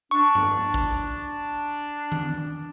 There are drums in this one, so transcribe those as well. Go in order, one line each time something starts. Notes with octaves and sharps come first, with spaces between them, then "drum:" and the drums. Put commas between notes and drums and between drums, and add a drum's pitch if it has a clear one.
D4 C#6
drum: tom G2
drum: kick
drum: tom D#3